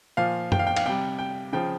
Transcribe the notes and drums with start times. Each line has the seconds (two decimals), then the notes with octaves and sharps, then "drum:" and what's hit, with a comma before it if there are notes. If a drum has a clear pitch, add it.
0.17 A#2 F3 F5
0.52 G5, drum: tom F#2
0.59 F5
0.67 G5
0.76 F5, drum: cymbal
0.86 C3 G3 G5
1.19 G5
1.53 C#3 F3 G5